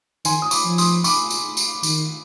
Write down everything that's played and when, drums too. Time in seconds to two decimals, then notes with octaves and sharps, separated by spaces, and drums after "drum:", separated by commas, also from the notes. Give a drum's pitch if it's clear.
0.25 D#3 G#5 C6, drum: tambourine
0.42 D#6
0.51 B5 D6, drum: tambourine
0.65 F3
0.78 C6 D#6, drum: tambourine
1.04 B5 D6, drum: tambourine
1.30 drum: tambourine
1.57 drum: tambourine
1.83 D#3, drum: tambourine